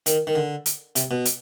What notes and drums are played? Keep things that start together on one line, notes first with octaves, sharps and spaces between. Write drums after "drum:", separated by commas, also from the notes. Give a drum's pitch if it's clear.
D#3, drum: hi-hat
D#3
D3
drum: hi-hat
C3, drum: hi-hat
B2
drum: hi-hat